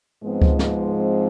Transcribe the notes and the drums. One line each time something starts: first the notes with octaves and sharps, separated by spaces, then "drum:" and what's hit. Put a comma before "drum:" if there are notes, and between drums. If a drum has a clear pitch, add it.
G#2 F3 G#3 B3 C4
drum: kick C#2
B3, drum: snare
C4